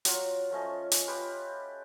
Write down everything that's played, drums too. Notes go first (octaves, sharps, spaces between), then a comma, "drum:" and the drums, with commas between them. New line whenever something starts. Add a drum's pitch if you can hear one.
F#3 F4, drum: hi-hat
F3 A3 C#4 D#5
drum: hi-hat
F4 G4 B4